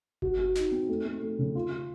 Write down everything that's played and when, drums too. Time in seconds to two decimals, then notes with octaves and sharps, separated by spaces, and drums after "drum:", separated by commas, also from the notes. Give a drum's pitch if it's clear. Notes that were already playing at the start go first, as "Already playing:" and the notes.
0.22 F#4, drum: kick G1
0.39 F#4
0.55 D#4, drum: snare
0.72 C4
0.89 A3
1.05 A3
1.22 A3
1.38 C#3
1.55 F4
1.72 F4